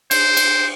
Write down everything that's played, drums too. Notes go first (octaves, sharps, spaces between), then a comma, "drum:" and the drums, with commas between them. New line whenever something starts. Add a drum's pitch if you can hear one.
C5, drum: cymbal
drum: cymbal